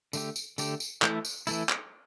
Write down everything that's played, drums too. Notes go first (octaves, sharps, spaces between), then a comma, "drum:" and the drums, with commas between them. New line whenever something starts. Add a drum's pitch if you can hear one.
D3 A3 G4, drum: tambourine
drum: tambourine
D3 A3 G4, drum: tambourine
drum: tambourine
E3 A3 E4, drum: clap
drum: tambourine
E3 A3 E4, drum: tambourine
drum: clap